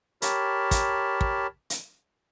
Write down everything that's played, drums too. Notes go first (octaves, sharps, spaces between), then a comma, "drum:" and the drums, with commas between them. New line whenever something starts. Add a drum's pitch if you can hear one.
G4 A#4 C#5 A5 B5, drum: hi-hat
drum: kick, hi-hat
drum: kick
drum: hi-hat